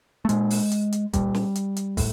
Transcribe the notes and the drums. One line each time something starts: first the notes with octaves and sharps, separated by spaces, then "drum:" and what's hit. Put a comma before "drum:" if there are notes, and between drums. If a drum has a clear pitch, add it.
A3
A#2 G#3, drum: hi-hat
drum: open hi-hat
drum: hi-hat
drum: hi-hat
A#2 G3, drum: kick, hi-hat
drum: snare
drum: hi-hat
drum: hi-hat
A2, drum: kick, open hi-hat